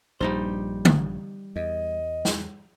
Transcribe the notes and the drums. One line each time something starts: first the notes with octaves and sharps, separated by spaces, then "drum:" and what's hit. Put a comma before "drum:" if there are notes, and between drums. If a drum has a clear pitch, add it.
A#1 G2 G3 D#4 C5
drum: tom D3
E2 D#5
drum: snare